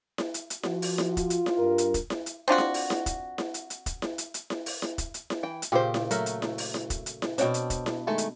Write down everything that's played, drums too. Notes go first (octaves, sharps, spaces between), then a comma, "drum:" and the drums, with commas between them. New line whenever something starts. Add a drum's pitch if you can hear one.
drum: snare E4
drum: hi-hat
drum: hi-hat
F3 F#4, drum: snare E4
drum: open hi-hat
drum: snare E4
F4, drum: kick, hi-hat
drum: hi-hat
drum: snare E4
G2 A#4
drum: hi-hat
drum: kick, hi-hat
drum: snare E4
drum: hi-hat
C4 D4 F4 F#4
drum: snare E4
drum: open hi-hat
drum: snare E4
drum: kick, hi-hat
drum: snare E4
drum: hi-hat
drum: hi-hat
drum: kick, hi-hat
drum: snare E4
drum: hi-hat
drum: hi-hat
drum: snare E4
drum: open hi-hat
drum: snare E4
drum: kick, hi-hat
drum: hi-hat
drum: snare E4
E3 G5
drum: hi-hat
A#2 C#3 G4 C5
drum: snare E4
F#3 A3 A#4 E5, drum: hi-hat
drum: hi-hat
drum: snare E4
drum: open hi-hat
drum: snare E4
drum: kick, hi-hat
drum: hi-hat
drum: snare E4
B2 C4 D4 C#5 G5, drum: hi-hat
drum: hi-hat
drum: kick, hi-hat
drum: snare E4
D#3 G#3 A3
drum: hi-hat